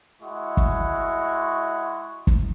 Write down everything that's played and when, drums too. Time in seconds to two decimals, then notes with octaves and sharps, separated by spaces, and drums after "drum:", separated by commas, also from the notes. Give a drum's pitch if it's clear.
0.22 G#3 E4 F#4 C#6
0.57 drum: kick
2.27 drum: kick